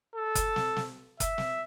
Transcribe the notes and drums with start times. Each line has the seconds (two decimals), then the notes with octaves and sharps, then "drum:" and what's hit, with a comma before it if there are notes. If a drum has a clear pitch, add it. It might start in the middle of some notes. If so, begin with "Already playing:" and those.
0.15 A4
0.35 drum: kick F#1, hi-hat
0.56 drum: snare
0.76 drum: snare
1.20 E5, drum: kick F#1, hi-hat
1.38 drum: snare